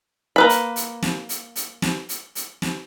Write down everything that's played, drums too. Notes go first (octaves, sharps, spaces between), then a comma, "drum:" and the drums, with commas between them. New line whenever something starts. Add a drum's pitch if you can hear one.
A#3 B4 B5
drum: hi-hat
drum: hi-hat
drum: snare
drum: hi-hat
drum: hi-hat
drum: snare
drum: hi-hat
drum: hi-hat
drum: snare